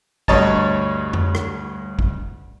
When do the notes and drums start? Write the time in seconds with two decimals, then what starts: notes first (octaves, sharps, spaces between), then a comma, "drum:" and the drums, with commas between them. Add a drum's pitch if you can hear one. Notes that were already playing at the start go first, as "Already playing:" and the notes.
0.28 D2 G2 C#5 D#5 A5, drum: kick
1.13 drum: tom F2
1.35 drum: rim click
1.99 drum: kick